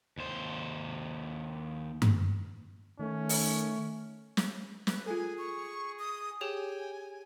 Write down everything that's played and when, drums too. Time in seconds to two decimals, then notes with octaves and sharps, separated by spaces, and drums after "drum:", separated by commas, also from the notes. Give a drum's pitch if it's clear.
0.18 D#2 C5
2.02 drum: tom G2
2.99 D#3 A3 C#4
3.29 drum: open hi-hat
4.37 drum: snare
4.87 B4, drum: snare
5.06 F4 G#4 A4 G#5
5.38 C#6
5.99 D#6
6.41 G4 G#4 C#5 G5 G#5